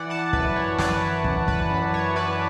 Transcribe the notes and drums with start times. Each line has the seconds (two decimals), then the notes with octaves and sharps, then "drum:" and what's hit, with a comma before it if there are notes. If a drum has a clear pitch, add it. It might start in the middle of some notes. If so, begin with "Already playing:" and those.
Already playing: E3 D5 F#5
0.10 F#5 A5
0.33 F#2 B4, drum: kick
0.56 C#5
0.79 F#2 B4 D5, drum: snare
1.01 C#5
1.24 F#2, drum: kick
1.48 B4, drum: kick
1.70 F#2
1.94 C#5
2.15 E3 B4 D5